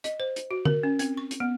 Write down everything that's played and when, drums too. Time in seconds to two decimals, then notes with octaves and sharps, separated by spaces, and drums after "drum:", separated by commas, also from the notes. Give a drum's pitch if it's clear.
0.04 D#5, drum: hi-hat
0.20 C5
0.36 drum: hi-hat
0.51 F#4
0.65 A#4, drum: tom D3
0.83 C#4
0.99 C4, drum: hi-hat
1.17 C#6
1.31 drum: hi-hat
1.40 B3